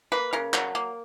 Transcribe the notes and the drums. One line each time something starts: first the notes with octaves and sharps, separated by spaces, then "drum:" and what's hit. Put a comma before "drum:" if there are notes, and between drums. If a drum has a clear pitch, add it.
A#3 B4
C#3 A#4
F#3, drum: clap
A#3